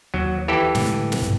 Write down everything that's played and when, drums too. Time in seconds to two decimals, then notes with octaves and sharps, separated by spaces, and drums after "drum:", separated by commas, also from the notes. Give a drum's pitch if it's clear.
0.14 D#2 F#3
0.48 E3 G4 A4
0.75 A2 D3 G#3, drum: snare
1.12 drum: snare
1.22 G2 B2 D3